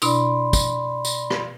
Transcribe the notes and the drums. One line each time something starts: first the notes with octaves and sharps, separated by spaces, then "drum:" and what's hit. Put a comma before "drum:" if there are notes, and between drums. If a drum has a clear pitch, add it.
B2 D4 E4 D5 B5 C6, drum: tambourine
drum: kick, tambourine
drum: tambourine
drum: rim click